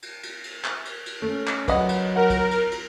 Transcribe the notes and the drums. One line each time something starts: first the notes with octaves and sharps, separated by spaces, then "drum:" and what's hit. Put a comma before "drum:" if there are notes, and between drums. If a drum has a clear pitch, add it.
drum: cymbal
drum: cymbal
drum: cymbal
drum: clap
drum: cymbal
drum: cymbal
A3 C#4
drum: clap
F#3 B4 D#5 F#5, drum: kick, cymbal
drum: cymbal
A#4 F#5
drum: kick, cymbal
drum: cymbal
drum: cymbal